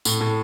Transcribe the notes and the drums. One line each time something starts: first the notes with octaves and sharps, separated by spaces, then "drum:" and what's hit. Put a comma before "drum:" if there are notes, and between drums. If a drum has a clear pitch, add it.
A2, drum: tambourine
A2